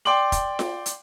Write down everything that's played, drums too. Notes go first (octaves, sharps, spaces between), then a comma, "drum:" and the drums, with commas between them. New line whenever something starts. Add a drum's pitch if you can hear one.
D5 G5 C6 D6 F#7
drum: kick F1, hi-hat
drum: snare F4
drum: hi-hat